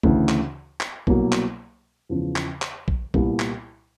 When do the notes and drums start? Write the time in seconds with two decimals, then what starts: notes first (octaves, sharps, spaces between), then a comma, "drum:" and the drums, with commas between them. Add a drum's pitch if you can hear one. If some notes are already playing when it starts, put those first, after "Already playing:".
0.03 D2 C#3 E3, drum: kick
0.29 drum: clap
0.81 drum: clap
1.07 C2 B2 F#3 A#3, drum: kick
1.32 drum: clap
2.09 E2 C#3 F3
2.36 drum: clap
2.62 drum: clap
2.88 drum: kick
3.14 C2 A#2 G3 B3 E4, drum: kick
3.40 drum: clap